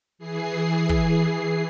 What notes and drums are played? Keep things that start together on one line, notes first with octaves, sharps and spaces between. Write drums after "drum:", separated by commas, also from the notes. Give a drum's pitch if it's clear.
E3 G#4 C7
drum: kick